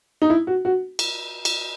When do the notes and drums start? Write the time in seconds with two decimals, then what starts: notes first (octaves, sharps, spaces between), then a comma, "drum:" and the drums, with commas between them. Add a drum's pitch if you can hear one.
0.22 D#4
0.30 E4
0.47 F#4
0.65 F#4
0.99 drum: cymbal
1.45 drum: cymbal